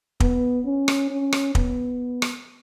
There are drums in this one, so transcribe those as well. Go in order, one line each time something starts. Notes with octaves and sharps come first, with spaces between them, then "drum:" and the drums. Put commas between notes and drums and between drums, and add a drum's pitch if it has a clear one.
B3, drum: kick
C#4
drum: rim click
C#4
drum: rim click
B3, drum: kick
drum: rim click